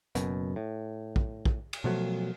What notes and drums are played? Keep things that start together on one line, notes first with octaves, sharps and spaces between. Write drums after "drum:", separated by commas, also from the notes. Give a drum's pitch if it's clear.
F#1 F#2 B2, drum: hi-hat
A2
drum: kick
drum: kick
drum: cymbal
B2 F3 F#3 A3